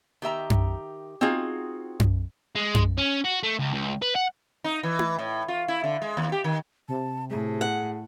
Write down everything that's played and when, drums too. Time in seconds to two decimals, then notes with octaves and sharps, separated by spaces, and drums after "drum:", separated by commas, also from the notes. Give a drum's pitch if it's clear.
0.22 D#3 G4 E5 A#5
0.50 drum: tom F#2
1.21 C4 D#4 F4 F#4 G#4
2.00 drum: tom F#2
2.55 G#3
2.75 drum: tom F#2
2.98 C#4
3.25 F#4
3.43 A3
3.59 C#2
3.73 C#2
4.02 B4
4.15 F#5
4.64 D#4
4.83 E3
4.99 drum: tom E4
5.19 A2
5.48 F4
5.68 E4
5.84 D3
6.02 G#3
6.17 D#2
6.32 G4
6.44 D#3
6.88 C3 A5
7.30 A2 G#4
7.61 F#5